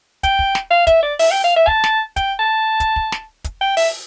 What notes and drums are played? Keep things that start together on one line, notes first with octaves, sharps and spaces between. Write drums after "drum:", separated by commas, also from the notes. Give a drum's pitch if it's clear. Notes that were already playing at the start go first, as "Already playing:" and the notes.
G5, drum: kick, hi-hat
drum: kick
drum: snare
F5
E5, drum: kick, hi-hat
D5
E5, drum: open hi-hat
G5
F5
E5
A5, drum: kick
drum: snare
G5, drum: kick, hi-hat
A5
drum: kick, hi-hat
drum: kick
drum: snare
drum: kick, hi-hat
G5
E5, drum: open hi-hat